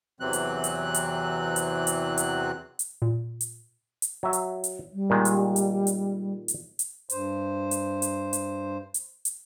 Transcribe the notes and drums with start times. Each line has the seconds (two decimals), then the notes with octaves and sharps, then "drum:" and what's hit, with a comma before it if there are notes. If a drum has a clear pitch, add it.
0.20 E2 C3 E3 F#3 C4 F#6
0.33 drum: hi-hat
0.64 drum: hi-hat
0.95 drum: hi-hat
1.56 drum: hi-hat
1.87 drum: hi-hat
2.18 drum: hi-hat
2.79 drum: hi-hat
3.02 A#2
3.41 drum: hi-hat
4.02 drum: hi-hat
4.23 F#3 E5
4.33 drum: hi-hat
4.64 drum: hi-hat
4.93 G3
5.10 A#2 D#3 G#3
5.25 drum: hi-hat
5.56 drum: hi-hat
5.87 drum: hi-hat
6.48 drum: hi-hat
6.79 drum: hi-hat
7.10 G2 C5, drum: hi-hat
7.71 drum: hi-hat
8.02 drum: hi-hat
8.33 drum: hi-hat
8.94 drum: hi-hat
9.25 drum: hi-hat